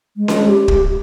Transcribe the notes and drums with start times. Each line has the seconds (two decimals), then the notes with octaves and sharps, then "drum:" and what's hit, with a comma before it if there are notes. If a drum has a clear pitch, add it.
0.17 G#3
0.28 drum: snare C#4
0.48 G4
0.68 drum: kick